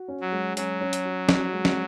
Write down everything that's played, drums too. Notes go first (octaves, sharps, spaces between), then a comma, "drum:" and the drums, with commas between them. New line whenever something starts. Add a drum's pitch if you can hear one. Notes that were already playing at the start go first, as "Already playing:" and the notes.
Already playing: F#4
C#4
F#3
G#3
F#3 C#4, drum: hi-hat
C#4
drum: hi-hat
F#4
F#4, drum: snare
G#3
drum: snare